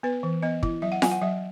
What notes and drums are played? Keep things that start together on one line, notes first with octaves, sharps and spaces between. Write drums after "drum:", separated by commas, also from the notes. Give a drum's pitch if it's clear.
B3 B4
E3
B3 D#5
E4, drum: kick
F#3 E5
F#5
F#3 G#5, drum: snare F4
F#5
F#3 E5